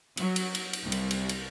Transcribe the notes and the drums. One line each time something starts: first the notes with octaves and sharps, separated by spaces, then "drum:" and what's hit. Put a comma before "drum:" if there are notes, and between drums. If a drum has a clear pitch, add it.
F#3, drum: cymbal
drum: cymbal
drum: cymbal
drum: cymbal
C2
drum: cymbal
drum: cymbal
drum: cymbal